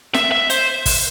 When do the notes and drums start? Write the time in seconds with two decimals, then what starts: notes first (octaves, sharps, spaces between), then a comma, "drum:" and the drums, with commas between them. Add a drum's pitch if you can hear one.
0.14 E5, drum: snare
0.32 E5
0.50 C5, drum: hi-hat
0.86 drum: kick, open hi-hat